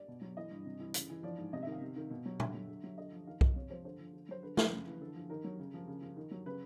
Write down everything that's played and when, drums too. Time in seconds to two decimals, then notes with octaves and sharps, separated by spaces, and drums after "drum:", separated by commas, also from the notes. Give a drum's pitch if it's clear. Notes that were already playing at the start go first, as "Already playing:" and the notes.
Already playing: D5
0.08 B2
0.21 F#3
0.37 E3 D#5
0.51 G2
0.65 C3
0.80 E3
0.94 C#3, drum: hi-hat
1.10 E3
1.23 F3 D5
1.38 G#2
1.53 C3 D#5
1.62 D#3 E5
1.72 F5
1.81 C3
1.96 D#3
2.10 B2
2.25 F#3
2.40 D3 E5, drum: tom A#2
2.54 F#3
2.68 D3
2.84 F#3
2.97 D3 D#5
3.12 F3
3.27 D#3 F5
3.41 F#3 D#5, drum: kick B1
3.55 C3 C#5
3.70 F3 C5
3.84 D3 C5
3.99 F3
4.13 D3
4.29 F#3 C5
4.43 D3 B4
4.57 F3 B4, drum: snare
4.72 C#3
4.87 E3
5.01 D3 A4
5.15 F3
5.30 D#3 A#4
5.44 F#3
5.59 C#3
5.74 F3
5.88 C#3
6.02 F3
6.17 D#3
6.31 F#3
6.46 C#3 B4